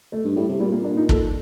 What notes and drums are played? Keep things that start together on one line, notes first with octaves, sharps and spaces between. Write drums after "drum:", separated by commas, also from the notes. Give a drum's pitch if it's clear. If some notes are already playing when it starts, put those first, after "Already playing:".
A3
G2
A2 G3
C3
A#2 G3
A#3
D4
D#4
A4, drum: kick